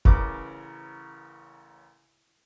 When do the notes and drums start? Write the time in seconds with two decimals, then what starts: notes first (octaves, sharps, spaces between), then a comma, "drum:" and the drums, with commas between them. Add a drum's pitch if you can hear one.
0.05 A1 C#3 B3 A#4 D6, drum: kick F1